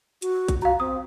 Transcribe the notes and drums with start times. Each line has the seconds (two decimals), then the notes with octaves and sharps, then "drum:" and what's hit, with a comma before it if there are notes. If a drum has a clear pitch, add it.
0.22 F#4, drum: hi-hat
0.48 drum: kick A#1, hi-hat
0.62 F#4 F5 A#5
0.80 C4 D#6